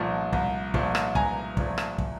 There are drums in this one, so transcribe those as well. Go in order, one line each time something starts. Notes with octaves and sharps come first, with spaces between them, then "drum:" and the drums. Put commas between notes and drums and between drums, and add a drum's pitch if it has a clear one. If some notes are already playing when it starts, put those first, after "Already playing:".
Already playing: C2 A#2 F3 A3
C2, drum: kick
A#2 F3 A3, drum: kick
drum: rim click
C2 G#5 A#5, drum: kick
A#2 F3 A3, drum: kick
drum: rim click
drum: kick